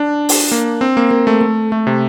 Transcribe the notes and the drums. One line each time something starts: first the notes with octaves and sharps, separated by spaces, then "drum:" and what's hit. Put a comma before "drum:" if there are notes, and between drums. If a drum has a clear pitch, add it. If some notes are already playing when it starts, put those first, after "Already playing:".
Already playing: D4
drum: open hi-hat
A#3
C4
A#3
A#3
A3
A3
A3
C3